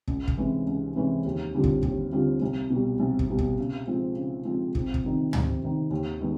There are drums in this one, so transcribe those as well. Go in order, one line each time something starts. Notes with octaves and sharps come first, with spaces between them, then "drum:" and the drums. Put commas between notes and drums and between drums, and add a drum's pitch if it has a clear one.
C#2, drum: kick
drum: kick
C3 E3 G#3 C#4
C#2
C3 E3 G#3 C#4
D#2
D3 G3 C4 F4
drum: kick
D#2, drum: kick
D3 G3 C4 F4
C2
B2 G3
C2
drum: kick
B2 G3
drum: kick
C#3
F3 G#3 C4
C#3
F3 G#3 C4
F2, drum: kick
drum: kick
C3 D#3
F2, drum: tom
C3 D#3
D#2
D#3 G#3 B3